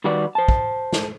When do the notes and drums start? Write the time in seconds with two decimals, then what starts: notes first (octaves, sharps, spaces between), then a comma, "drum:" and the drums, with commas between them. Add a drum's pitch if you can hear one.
0.04 D#3 G3 F#4 B4 D5
0.35 C5 A5
0.48 drum: kick
0.93 drum: snare